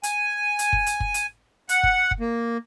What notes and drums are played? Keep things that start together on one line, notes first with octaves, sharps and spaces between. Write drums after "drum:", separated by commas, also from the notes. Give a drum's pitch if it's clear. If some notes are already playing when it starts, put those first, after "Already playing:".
G#5, drum: hi-hat
drum: hi-hat
drum: kick F#1
drum: hi-hat
drum: kick F#1
drum: hi-hat
F#5, drum: hi-hat
drum: kick F#1
drum: kick F#1
A#3